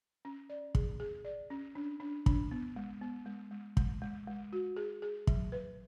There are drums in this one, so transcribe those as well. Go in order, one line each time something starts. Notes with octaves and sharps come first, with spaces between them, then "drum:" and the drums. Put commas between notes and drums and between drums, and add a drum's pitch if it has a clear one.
C#4
D5
G#4, drum: kick
G#4
D5
C#4
D4
D4
D4, drum: kick
B3
G#3
B3
G#3
G#3
G#3, drum: kick
G#3
G#3
F#4
G#4
G#4
F#3, drum: kick
B4